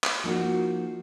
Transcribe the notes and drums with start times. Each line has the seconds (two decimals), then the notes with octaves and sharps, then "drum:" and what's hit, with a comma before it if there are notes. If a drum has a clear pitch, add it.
0.04 drum: clap
0.24 F3 A#3 D#4 F#4